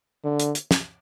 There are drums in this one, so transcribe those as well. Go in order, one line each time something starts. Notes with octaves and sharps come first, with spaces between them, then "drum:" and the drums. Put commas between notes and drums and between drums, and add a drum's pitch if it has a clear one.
D3
drum: hi-hat
drum: hi-hat
drum: snare